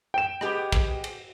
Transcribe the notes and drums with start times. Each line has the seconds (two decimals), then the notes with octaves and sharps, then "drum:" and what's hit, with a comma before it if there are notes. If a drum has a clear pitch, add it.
0.14 G5 E7
0.41 G#3 B3 G4, drum: rim click
0.72 drum: kick, cymbal
1.04 drum: cymbal